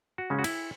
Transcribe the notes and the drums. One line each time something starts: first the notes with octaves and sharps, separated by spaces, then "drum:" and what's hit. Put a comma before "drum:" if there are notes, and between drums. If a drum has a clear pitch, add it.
F#4
C#3 G#3 C#4
F#4
E4, drum: cymbal